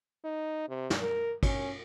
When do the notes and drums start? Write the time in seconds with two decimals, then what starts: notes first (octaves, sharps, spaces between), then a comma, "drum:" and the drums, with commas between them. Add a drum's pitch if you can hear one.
0.25 D#4
0.69 C3
0.90 drum: snare
1.01 A#4
1.43 C#4, drum: kick, cymbal